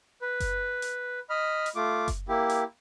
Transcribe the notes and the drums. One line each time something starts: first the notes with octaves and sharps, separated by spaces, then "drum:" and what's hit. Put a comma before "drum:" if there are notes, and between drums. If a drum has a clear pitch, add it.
B4
drum: kick F#1, hi-hat
drum: hi-hat
D#5 B5 F6
drum: hi-hat
A3 F4 D6
drum: kick F#1, hi-hat
A#3 E4 G4
drum: hi-hat